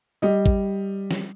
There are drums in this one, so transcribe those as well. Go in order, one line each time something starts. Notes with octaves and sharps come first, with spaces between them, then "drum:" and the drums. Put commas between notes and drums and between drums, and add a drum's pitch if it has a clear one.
G3 D#5
drum: kick
drum: snare